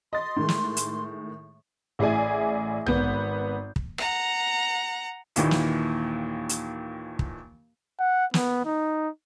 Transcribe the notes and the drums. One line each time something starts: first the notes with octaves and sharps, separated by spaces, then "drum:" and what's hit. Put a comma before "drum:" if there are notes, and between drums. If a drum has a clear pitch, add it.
D#5 C6 A6
A2 D#3 G#3
drum: snare
drum: hi-hat
A1 E4 G#4 D5 G#5
G#1 B3 G6, drum: tom A#1
drum: kick
F#5 A#5, drum: rim click
D#2 A#2 D#3 E3, drum: hi-hat
drum: snare
drum: hi-hat
drum: kick
F#5
B3, drum: snare
D#4